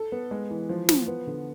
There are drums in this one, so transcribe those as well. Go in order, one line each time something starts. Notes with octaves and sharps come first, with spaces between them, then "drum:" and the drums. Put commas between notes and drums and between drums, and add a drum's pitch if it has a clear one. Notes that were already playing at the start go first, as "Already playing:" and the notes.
Already playing: A4
B3
G#3
E3
F3
F3, drum: snare
B3
D3